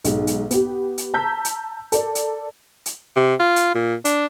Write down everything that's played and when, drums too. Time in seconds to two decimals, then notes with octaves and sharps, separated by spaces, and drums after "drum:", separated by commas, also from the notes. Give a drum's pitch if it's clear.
0.04 B1 G#2, drum: hi-hat
0.27 drum: hi-hat
0.51 B3 G4, drum: hi-hat
0.98 drum: hi-hat
1.14 A5 A#5 E6 G6 B6
1.45 drum: hi-hat
1.92 A4 A#4 D5, drum: hi-hat
2.15 drum: hi-hat
2.86 drum: hi-hat
3.16 C3
3.40 F4
3.56 drum: hi-hat
3.75 A#2
4.05 D4, drum: hi-hat